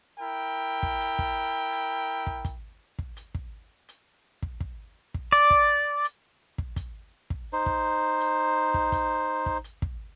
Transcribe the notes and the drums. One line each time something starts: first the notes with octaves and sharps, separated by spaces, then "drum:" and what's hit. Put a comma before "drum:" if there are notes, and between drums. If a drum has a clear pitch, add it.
E4 A#4 G5
drum: kick
drum: hi-hat
drum: kick
drum: hi-hat
drum: kick
drum: kick, hi-hat
drum: kick
drum: hi-hat
drum: kick
drum: hi-hat
drum: kick
drum: kick
drum: kick
D5, drum: hi-hat
drum: kick
drum: hi-hat
drum: kick
drum: kick, hi-hat
drum: kick
D#4 C5
drum: kick
drum: hi-hat
drum: kick
drum: kick, hi-hat
drum: kick
drum: hi-hat
drum: kick